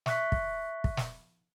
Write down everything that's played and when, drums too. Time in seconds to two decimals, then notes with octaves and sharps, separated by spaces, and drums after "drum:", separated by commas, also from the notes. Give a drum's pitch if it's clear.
0.06 E5 C#6 F#6 B6, drum: snare
0.32 drum: kick
0.84 drum: kick
0.97 drum: snare